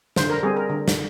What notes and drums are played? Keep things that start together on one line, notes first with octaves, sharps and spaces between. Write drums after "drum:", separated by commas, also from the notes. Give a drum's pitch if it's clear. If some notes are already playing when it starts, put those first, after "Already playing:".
D3 C5, drum: snare
A#4
G3 C4 G#4
A#4
D3
drum: snare